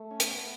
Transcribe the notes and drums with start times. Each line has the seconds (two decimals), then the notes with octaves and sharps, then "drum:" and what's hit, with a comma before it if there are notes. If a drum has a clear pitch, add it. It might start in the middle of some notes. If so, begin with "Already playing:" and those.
Already playing: A3
0.11 C#4
0.20 B3, drum: hi-hat